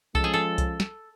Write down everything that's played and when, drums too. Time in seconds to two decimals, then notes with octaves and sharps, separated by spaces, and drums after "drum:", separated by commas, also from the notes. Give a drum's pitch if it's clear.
0.15 F3 G#3 C#4 A4, drum: kick C2
0.24 G#4
0.33 A4
0.58 drum: kick C2, hi-hat
0.80 drum: snare